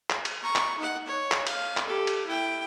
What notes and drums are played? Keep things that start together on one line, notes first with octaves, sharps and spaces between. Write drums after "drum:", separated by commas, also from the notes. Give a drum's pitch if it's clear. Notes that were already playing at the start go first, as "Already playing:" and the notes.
drum: clap
drum: cymbal
A#5 C#6
drum: clap
D#4 F#5
C#5
drum: clap
F5, drum: cymbal
drum: clap
G4 A4
drum: cymbal
E4 G5